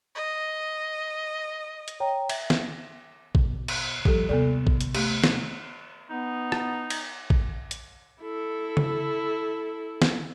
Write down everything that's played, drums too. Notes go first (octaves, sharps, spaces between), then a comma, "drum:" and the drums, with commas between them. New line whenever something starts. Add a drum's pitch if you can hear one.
D#5
drum: hi-hat
C#5 G5 A#5
E5, drum: cymbal
drum: snare
B2, drum: kick
drum: cymbal
F3 G3 G4 A4, drum: kick
D#2 C3 B3 A4 D5
drum: kick
drum: hi-hat
A3 G4, drum: cymbal
drum: snare
B3 D#4
drum: rim click
drum: cymbal
drum: kick
drum: hi-hat
E4 A4
drum: tom C#3
drum: snare